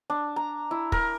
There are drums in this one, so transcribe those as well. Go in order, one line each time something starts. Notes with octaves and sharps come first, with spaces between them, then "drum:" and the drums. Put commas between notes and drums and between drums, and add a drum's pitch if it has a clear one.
D4
A#5
E4
A#4, drum: kick